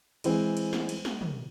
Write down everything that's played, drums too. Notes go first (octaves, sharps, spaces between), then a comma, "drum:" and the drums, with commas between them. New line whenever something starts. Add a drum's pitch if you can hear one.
E3 G#3 C4, drum: cymbal
drum: cymbal
drum: snare
drum: cymbal
drum: snare
drum: tom